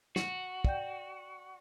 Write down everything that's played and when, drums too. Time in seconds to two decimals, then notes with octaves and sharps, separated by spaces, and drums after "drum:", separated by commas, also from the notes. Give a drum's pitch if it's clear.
0.16 F#4, drum: snare
0.64 D5 G5 G6, drum: kick